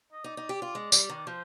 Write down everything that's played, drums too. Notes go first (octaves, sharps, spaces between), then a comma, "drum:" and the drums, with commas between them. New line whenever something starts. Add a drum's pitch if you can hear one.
D#5
D#4 D5
D#4
G4
F4
G#3
G3, drum: tambourine
D#3
D5
F3 C5